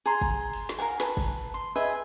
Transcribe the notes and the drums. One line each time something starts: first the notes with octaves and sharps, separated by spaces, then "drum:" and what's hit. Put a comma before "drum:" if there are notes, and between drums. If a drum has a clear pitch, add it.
G#4 A#5 C6
drum: kick, cymbal
drum: cymbal
drum: snare
A#4 F5 F#5 G#5
B4 A5, drum: snare
drum: kick, cymbal
C6
G#4 B4 D#5 E5